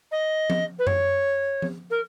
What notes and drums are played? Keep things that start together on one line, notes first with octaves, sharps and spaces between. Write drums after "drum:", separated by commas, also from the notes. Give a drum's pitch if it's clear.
D#5
drum: tom F3
B4
C#5, drum: tom F#2
drum: tom F3
A#4